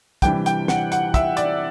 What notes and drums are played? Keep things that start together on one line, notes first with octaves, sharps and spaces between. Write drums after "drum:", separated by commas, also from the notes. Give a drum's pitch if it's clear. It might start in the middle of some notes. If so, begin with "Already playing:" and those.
C3 E3 G3 D4 G5, drum: kick, hi-hat
G5, drum: hi-hat
F#5, drum: snare
F#5, drum: hi-hat
E5, drum: kick, hi-hat
D5, drum: hi-hat